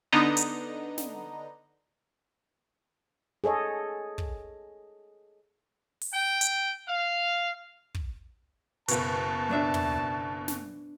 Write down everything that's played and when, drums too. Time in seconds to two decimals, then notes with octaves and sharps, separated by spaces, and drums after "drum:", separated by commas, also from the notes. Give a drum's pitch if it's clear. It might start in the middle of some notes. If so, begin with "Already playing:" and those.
0.12 D3 B3 D4 D#4 D#5 A#5
0.37 drum: hi-hat
0.98 drum: snare
3.44 G#4 A4 C#5 D#5
4.18 drum: kick
6.02 drum: open hi-hat
6.12 G5
6.41 drum: hi-hat
6.88 F5
7.95 drum: kick
8.88 F#1 B2 A5, drum: hi-hat
9.49 B3 D4 E5
9.74 drum: tom
10.48 drum: snare